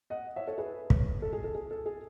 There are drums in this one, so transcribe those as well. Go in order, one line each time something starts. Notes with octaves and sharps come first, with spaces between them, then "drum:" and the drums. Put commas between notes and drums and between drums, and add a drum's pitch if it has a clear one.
D#5 F#5
C#5 E5
A4 C#5
G#4 B4
drum: kick
A4
G#4
A4
G#4
A4
G#4